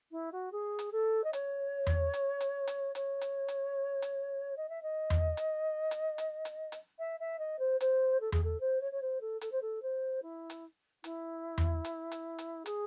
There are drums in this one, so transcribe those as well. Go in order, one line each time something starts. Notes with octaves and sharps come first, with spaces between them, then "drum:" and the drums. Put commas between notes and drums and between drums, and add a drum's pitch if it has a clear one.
E4
F#4
G#4
drum: hi-hat
A4
D#5
C#5, drum: hi-hat
drum: tom E2
drum: hi-hat
drum: hi-hat
drum: hi-hat
C#5, drum: hi-hat
drum: hi-hat
drum: hi-hat
drum: hi-hat
D#5
E5
D#5
drum: tom E2
drum: hi-hat
drum: hi-hat
drum: hi-hat
drum: hi-hat
drum: hi-hat
E5
E5
D#5
C5
C5, drum: hi-hat
A4
G#4, drum: tom E2
A4
C5
C#5
C#5
C5
A4
A4, drum: hi-hat
C5
A4
C5
E4
drum: hi-hat
E4, drum: hi-hat
drum: tom E2
drum: hi-hat
drum: hi-hat
drum: hi-hat
G#4, drum: hi-hat